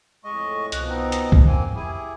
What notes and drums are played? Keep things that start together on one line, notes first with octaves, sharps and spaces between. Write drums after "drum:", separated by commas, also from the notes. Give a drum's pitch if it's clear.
F2 A2 G#3 D#5 C#6
C2 B2 F3 D#5 F#6, drum: hi-hat
B3 C4 D#4 A#5
drum: hi-hat
drum: kick
F2 A#3 C4 G#5
E4 G4 G#4